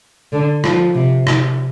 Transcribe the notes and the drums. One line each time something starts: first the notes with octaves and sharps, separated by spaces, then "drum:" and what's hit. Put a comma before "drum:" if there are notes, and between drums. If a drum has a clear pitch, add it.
D3
F3, drum: rim click
C3
drum: rim click